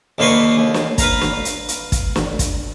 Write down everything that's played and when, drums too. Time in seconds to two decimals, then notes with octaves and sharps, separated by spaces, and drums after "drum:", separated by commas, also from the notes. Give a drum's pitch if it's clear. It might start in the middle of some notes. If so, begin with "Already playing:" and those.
0.18 D#2 D3 A#3 B4 C6 C#6
0.57 D#2
0.74 drum: snare
0.98 B4 F5 A#5, drum: kick, hi-hat
1.21 drum: snare
1.45 drum: hi-hat
1.68 drum: hi-hat
1.92 drum: kick, hi-hat
2.16 drum: snare
2.39 drum: kick, hi-hat